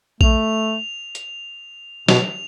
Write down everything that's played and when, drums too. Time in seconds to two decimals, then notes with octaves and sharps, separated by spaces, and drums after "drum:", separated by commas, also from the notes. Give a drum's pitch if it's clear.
0.21 A3 F7, drum: kick A#1
1.15 drum: hi-hat
2.08 B2 F7, drum: snare